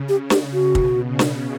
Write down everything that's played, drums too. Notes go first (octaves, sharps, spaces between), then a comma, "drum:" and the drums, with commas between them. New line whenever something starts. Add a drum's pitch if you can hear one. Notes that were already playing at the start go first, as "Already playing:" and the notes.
Already playing: C#3
G4
G4, drum: snare
F#4
B2, drum: kick
C#3
drum: snare